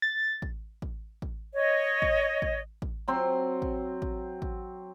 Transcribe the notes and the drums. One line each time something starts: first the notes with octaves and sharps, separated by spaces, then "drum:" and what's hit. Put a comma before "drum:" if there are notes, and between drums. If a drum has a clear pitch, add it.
A6
drum: kick A1
drum: kick A1
drum: kick A1
C#5 D#5
drum: kick A1
drum: kick A1
drum: kick A1
F#3 C4 C6
drum: kick A1
drum: kick A1
drum: kick A1